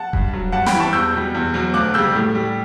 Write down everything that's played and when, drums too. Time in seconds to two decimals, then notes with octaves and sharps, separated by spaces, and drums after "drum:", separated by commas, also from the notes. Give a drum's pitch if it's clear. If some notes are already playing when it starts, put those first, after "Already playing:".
Already playing: F#5 A5
0.13 G2, drum: kick D#1
0.33 F#3
0.52 G2 F#5 A5
0.66 G5 B5, drum: snare
0.74 E3 G3
0.80 A5 C#6
0.93 E2 E6 G6
1.13 B2 G3
1.35 E2
1.54 B2 F#3
1.74 D2 D6 F#6
1.94 C#3 G3 E6 G6
2.15 A2
2.35 G3